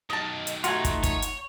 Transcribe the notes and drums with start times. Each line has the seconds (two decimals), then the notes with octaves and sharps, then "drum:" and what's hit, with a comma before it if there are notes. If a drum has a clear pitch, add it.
0.10 B1 D#3 D#5 A5
0.47 drum: hi-hat
0.64 A3 D#4 F4 F#4 F#5 G#5, drum: hi-hat
0.85 drum: kick, hi-hat
1.03 C#5, drum: kick, hi-hat
1.22 drum: hi-hat